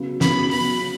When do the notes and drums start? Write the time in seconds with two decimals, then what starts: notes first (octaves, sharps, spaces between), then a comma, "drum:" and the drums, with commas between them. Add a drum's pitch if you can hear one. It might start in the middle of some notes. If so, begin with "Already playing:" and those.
Already playing: C#3 F#3 B3
0.21 C#3 F#3 B3 B5, drum: snare
0.51 C#3 F#3 B3 B5, drum: open hi-hat